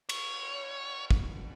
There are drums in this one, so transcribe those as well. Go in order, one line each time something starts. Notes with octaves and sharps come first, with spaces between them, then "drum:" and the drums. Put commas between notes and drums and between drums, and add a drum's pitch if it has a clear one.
C#5, drum: cymbal
drum: kick